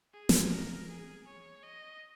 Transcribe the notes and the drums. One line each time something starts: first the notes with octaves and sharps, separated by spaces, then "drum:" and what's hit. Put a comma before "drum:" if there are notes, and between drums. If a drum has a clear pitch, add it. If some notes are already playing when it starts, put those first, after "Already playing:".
G#4
drum: snare
A#4
G#4
C#5
D#5